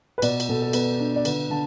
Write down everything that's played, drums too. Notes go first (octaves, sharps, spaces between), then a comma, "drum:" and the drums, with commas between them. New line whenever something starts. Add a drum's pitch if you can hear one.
B4
B2 D5, drum: cymbal
drum: cymbal
B2 A4
A4
B3 B4, drum: cymbal
D4
D5
D3 B4, drum: cymbal
D3 A5